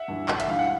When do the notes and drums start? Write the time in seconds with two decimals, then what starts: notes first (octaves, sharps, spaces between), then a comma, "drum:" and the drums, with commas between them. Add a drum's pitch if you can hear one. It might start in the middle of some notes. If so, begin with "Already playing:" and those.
Already playing: E5 F#5
0.08 G2 E3
0.28 A1, drum: clap
0.40 E5, drum: hi-hat
0.48 G2 E3 F5
0.59 F#5